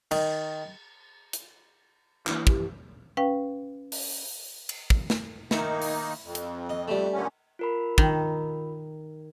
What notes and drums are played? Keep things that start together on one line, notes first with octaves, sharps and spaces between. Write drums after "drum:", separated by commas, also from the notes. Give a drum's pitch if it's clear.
D#3, drum: cymbal
drum: hi-hat
E3 A#3 D4, drum: clap
F#2 G4, drum: kick
C#4 B4 F5 G5
drum: open hi-hat
drum: cymbal
drum: kick
drum: snare
D#3 A#3 D#4 E4 C#6, drum: snare
drum: open hi-hat
F2
drum: hi-hat
D#5
G3 A3
A#2 D3 C#4
F4 A#4 B5
D#3, drum: kick